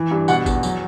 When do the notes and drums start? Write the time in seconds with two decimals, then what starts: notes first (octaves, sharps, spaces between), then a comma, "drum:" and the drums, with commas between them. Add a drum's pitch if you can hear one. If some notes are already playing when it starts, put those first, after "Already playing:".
Already playing: E3
0.11 G2
0.28 B2 F#5, drum: tambourine
0.46 E2, drum: kick, tambourine
0.63 F#3, drum: tambourine